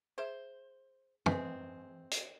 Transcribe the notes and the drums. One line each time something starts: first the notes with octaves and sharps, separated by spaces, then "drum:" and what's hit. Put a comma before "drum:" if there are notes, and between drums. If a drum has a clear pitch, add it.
G#4 C5 E5
G#3 C4 G#4 B4, drum: tom
drum: hi-hat